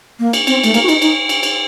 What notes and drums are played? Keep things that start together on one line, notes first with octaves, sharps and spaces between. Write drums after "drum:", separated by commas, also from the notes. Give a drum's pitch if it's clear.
A#3
drum: cymbal
C4, drum: cymbal
A3, drum: cymbal
A#3, drum: cymbal
F#4
D#4, drum: cymbal
D#4, drum: cymbal
drum: cymbal
drum: cymbal